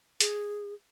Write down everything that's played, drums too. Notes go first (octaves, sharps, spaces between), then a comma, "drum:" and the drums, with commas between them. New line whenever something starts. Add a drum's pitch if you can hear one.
G#4, drum: hi-hat